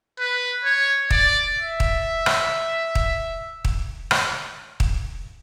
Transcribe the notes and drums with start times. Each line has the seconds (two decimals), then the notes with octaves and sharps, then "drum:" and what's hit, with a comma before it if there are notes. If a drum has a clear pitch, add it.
0.19 B4
0.64 C#5
1.10 D5, drum: kick
1.57 E5
1.80 drum: kick
2.26 drum: rim click
2.95 drum: kick
3.65 drum: kick
4.11 drum: rim click
4.80 drum: kick